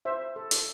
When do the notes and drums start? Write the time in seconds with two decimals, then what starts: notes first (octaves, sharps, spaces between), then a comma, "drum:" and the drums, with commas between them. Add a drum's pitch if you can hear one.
0.05 C5 E5
0.36 A4
0.51 drum: hi-hat